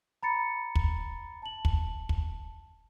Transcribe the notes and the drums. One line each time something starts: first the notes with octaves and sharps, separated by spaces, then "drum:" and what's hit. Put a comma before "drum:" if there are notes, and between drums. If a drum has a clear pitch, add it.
A#5 B5 A6 C#7
drum: kick
A5 F#7
drum: kick
drum: kick